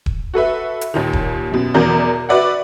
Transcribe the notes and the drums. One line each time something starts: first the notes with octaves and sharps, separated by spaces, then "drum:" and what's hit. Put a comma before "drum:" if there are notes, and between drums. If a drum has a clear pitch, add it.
drum: kick D#1
F#4 A4 B4 E5
drum: hi-hat
D#2 A#2 D#3
drum: kick D#1
F#2 B2
E2 B2 F#3 A#4 D5 G6
F#4 B4 D5 E5 F#5